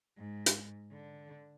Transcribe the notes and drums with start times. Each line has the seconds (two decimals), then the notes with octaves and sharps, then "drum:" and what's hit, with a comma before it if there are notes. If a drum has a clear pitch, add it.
0.17 G#2
0.46 drum: hi-hat
0.92 D3